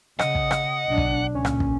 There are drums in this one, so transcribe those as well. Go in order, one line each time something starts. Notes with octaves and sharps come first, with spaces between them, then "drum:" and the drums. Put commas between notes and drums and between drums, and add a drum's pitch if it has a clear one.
C#3 D#5 F#5, drum: rim click
drum: kick
drum: rim click
B1 D4
drum: kick
C#2 A#2 C#4
drum: rim click
drum: kick